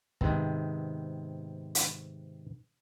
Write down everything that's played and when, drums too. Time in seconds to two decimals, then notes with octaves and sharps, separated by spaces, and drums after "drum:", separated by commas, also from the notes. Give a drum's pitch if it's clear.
0.21 G#2 C3 D#3 B3 C4, drum: kick
1.75 drum: hi-hat